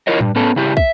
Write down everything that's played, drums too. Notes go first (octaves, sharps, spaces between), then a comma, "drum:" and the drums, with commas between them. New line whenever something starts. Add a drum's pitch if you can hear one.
E4 F4 A#4 C#5 D#5
G2, drum: tom A2
B3 C#4 A4
C#3 E4 G4
E5, drum: kick